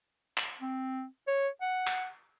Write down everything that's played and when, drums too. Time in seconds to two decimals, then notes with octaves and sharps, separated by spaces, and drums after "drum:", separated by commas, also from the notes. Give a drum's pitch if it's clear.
0.38 drum: clap
0.61 C4
1.27 C#5
1.61 F#5
1.87 drum: clap